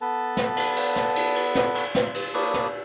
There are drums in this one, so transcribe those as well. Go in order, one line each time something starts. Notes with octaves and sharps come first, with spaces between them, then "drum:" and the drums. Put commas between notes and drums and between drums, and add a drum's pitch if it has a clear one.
B3 A4 B4 A5
drum: snare
drum: cymbal
drum: cymbal
drum: snare
drum: cymbal
drum: cymbal
drum: snare
drum: cymbal
drum: snare
drum: cymbal
A#3 B4 C#5 D5 A5 D#6, drum: cymbal
drum: snare